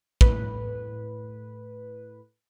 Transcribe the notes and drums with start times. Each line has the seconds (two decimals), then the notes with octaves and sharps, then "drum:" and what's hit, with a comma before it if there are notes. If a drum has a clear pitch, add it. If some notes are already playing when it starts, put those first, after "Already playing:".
0.21 A2 B4, drum: kick